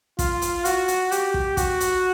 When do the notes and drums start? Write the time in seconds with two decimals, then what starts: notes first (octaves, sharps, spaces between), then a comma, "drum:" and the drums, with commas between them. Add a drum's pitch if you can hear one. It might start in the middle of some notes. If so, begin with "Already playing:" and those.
0.19 F4, drum: kick, hi-hat
0.42 drum: hi-hat
0.65 F#4, drum: hi-hat
0.88 drum: hi-hat
1.12 G4, drum: hi-hat
1.34 drum: kick
1.57 F#4, drum: kick, hi-hat
1.80 drum: hi-hat